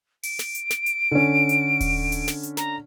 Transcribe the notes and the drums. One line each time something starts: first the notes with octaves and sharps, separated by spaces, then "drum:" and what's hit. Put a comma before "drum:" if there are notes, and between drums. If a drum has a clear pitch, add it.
D7, drum: open hi-hat
drum: snare
drum: hi-hat
drum: snare
drum: hi-hat
D3 C#4
drum: hi-hat
drum: kick D#1, open hi-hat
drum: open hi-hat
drum: snare
drum: hi-hat
A#5, drum: snare